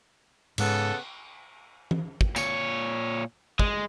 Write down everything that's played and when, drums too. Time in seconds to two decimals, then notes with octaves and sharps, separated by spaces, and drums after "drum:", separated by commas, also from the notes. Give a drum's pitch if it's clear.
0.58 G#2 C#3 G#3 B3 A4, drum: cymbal
1.91 drum: tom E3
2.21 drum: kick
2.36 A#2 C#5, drum: tambourine
3.59 G#3, drum: kick